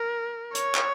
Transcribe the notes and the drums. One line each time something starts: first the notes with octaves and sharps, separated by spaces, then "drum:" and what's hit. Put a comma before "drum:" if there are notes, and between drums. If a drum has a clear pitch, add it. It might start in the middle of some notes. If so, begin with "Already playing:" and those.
Already playing: A#4
C#5, drum: hi-hat
drum: clap